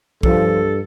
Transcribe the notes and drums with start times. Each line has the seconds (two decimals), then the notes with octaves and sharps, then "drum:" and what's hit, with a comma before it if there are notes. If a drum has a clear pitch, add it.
0.23 G2 F3 A4, drum: kick